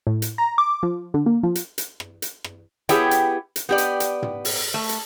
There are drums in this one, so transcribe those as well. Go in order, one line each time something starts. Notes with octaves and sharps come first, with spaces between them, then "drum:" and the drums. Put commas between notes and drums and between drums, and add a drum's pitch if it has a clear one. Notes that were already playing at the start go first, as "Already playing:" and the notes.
A2
drum: hi-hat
A#5
D6
F3
D3
A#3
F3
drum: hi-hat
drum: hi-hat
drum: rim click
drum: hi-hat
drum: rim click
B3 E4 G4 G#4 C#5 G5, drum: hi-hat
drum: hi-hat
drum: hi-hat
B3 G4 D5
drum: hi-hat
drum: hi-hat
drum: tom
drum: open hi-hat
A3
drum: hi-hat